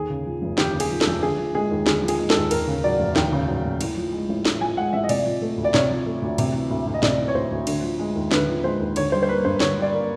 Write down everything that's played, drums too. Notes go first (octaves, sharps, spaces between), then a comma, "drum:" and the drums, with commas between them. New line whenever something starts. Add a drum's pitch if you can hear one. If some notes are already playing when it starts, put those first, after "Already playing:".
Already playing: D#2 G#4
C#3
F3
F1
D#2 G4, drum: snare
C#3
G#4, drum: cymbal
F3
A4, drum: snare
F1
D3 G#4
F3
G#3 G#4
D#2
D3 G#4, drum: snare
F3
G#4, drum: cymbal
G#3
A4, drum: snare
D#2
D#2 A#4, drum: cymbal
C#3
F#3 D5
F1
D#2 G5, drum: snare
C#3
F#3
F1
A2, drum: cymbal
F3
G#3
A1
A2, drum: snare
F3 G#5
G#3 F#5
A1 E5
D#5
C3 D5, drum: cymbal
F3
A3
D2
D5
C3 C#5, drum: snare
F3
A3
D2
C3, drum: cymbal
E3
D2
D2
D#5
C3 D5, drum: snare
E3
C#5
D2 C5
D2
D3, drum: cymbal
F3
G#3
D#2
D3 B4, drum: snare
F3
G#3 C5
D#2
D3 C#5, drum: cymbal
G3 C5
C5
A#3 B4
G2 C5
D3 C#5, drum: snare
G3 D5
A#3